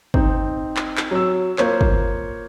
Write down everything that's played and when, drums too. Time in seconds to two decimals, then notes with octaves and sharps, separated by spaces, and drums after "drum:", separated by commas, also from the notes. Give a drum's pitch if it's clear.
0.14 C4 D#4, drum: kick
0.77 drum: clap
0.97 drum: clap
1.11 F#3 E6
1.58 A#3 F4 C5 C#5, drum: clap
1.81 drum: kick